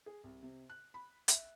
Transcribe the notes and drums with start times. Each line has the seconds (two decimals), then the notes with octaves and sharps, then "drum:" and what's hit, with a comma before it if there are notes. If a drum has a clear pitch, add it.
0.06 G#4
0.24 C2
0.42 C3
0.70 F#6
0.94 B5
1.28 E5, drum: hi-hat